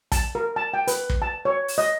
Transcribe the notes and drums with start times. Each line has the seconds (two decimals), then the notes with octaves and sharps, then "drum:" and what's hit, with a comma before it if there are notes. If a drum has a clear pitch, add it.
0.12 A5, drum: kick, hi-hat
0.35 A#4
0.56 A5
0.74 G5
0.87 B4, drum: hi-hat
1.10 drum: kick
1.22 A5
1.45 C#5
1.68 drum: open hi-hat
1.78 D#5